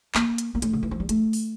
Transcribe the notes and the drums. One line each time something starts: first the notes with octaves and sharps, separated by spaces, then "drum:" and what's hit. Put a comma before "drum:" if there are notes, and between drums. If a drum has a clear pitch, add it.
A#3, drum: clap
drum: hi-hat
A#3
A3, drum: hi-hat
D3
E3
F3
G3
A3, drum: hi-hat
drum: open hi-hat